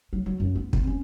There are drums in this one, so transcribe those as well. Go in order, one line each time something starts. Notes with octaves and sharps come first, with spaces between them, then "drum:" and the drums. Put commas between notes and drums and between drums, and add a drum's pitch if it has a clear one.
F#3
F#3
F#2
B3
C4, drum: kick
C#4